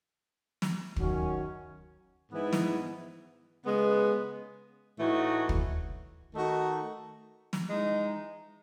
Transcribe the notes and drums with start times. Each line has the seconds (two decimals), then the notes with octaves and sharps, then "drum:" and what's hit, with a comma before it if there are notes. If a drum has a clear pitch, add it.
0.62 drum: snare
0.96 F#2 D#3 F#3 C#4 F#4, drum: kick
2.30 G#2 E3 B3 E4
2.53 drum: snare
3.65 C#3 G#3 B3
4.98 A2 E3 A3 D#4 F#4
5.49 drum: kick
6.33 D#3 A3 D#4 F#4
7.53 drum: snare
7.67 E3 G#3 D#4